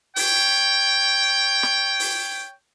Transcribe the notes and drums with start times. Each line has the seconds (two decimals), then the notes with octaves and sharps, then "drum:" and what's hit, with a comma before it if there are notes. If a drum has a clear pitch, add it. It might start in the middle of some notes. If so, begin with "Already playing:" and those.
0.16 C#5 G5, drum: open hi-hat
1.63 drum: snare
2.00 drum: open hi-hat